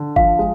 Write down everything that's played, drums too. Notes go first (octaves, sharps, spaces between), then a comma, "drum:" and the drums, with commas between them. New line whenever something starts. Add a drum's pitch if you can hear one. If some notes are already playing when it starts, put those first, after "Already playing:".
Already playing: D3
F3 F5, drum: kick G#1
G#3